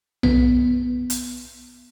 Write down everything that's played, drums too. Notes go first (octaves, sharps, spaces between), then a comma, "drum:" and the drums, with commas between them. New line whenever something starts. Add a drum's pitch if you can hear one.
B3, drum: tom B1
drum: hi-hat